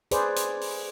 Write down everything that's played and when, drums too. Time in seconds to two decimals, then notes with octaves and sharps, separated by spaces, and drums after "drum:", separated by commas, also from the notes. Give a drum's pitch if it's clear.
0.11 G#4 B4 C5 D5, drum: hi-hat
0.36 drum: hi-hat
0.61 drum: open hi-hat